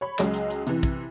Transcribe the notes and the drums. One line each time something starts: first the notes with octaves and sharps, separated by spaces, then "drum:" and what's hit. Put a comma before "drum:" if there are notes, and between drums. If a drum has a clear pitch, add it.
C#5 B5
C#2 F#3 G#3 D#5, drum: clap
drum: hi-hat
drum: hi-hat
C3 E3, drum: hi-hat
drum: kick, hi-hat